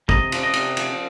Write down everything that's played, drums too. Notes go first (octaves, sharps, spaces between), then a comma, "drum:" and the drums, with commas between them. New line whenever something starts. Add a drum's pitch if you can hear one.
C3 D#5, drum: kick
F3, drum: cymbal
D#5
C3, drum: cymbal
F3, drum: cymbal